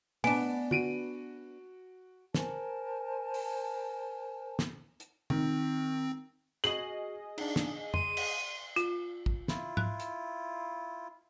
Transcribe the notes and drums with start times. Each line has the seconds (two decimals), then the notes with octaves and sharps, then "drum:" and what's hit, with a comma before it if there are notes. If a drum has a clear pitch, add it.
0.24 B3 D4 G#5, drum: open hi-hat
0.71 F#4 D7 D#7, drum: tom
2.34 A#4 C5 G#5 A5, drum: snare
3.34 drum: open hi-hat
4.59 drum: snare
5.00 drum: hi-hat
5.30 D#3 C4, drum: tom
6.64 F#4 G#4 D#5 C7 F#7, drum: hi-hat
7.38 D4 D#4, drum: cymbal
7.56 drum: snare
7.94 C6 D#7, drum: tom F2
8.17 drum: cymbal
8.76 F4, drum: hi-hat
9.26 drum: kick
9.48 E4 F4, drum: snare
9.77 F#6, drum: tom G#2
10.00 drum: hi-hat